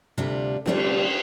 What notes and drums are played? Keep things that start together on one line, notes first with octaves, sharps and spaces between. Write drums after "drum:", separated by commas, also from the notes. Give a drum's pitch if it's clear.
D2 C3 G3 D4 F4
D2 C3 G3 D4 F4, drum: cymbal